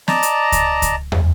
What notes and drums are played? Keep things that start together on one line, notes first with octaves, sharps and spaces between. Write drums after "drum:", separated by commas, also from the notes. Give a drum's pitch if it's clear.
D5 D#5 A5 A#5, drum: snare
drum: hi-hat
drum: kick C#2, hi-hat
drum: kick C#2, hi-hat
drum: tom